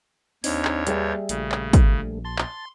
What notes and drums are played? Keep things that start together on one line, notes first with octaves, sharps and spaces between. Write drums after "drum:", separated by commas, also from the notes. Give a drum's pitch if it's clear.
D#2 C4 D4 D#4 C#5, drum: open hi-hat
drum: clap
G3 G#4 B4 E5 G5 A5, drum: hi-hat
A#1 C#3 A3, drum: hi-hat
drum: clap
drum: kick, hi-hat
A5 C6
drum: clap